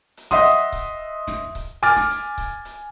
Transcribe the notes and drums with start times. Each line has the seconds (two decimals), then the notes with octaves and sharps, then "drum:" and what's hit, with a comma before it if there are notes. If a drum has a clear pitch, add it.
0.17 drum: hi-hat
0.31 D#5 E5 F#5 C6 D#6, drum: snare
0.45 drum: hi-hat
0.72 drum: kick C#1, hi-hat
1.27 drum: snare
1.55 drum: kick C#1, hi-hat
1.83 G#5 D6 F6 A6, drum: hi-hat
1.96 drum: snare
2.10 drum: hi-hat
2.38 drum: kick C#1, hi-hat
2.65 drum: hi-hat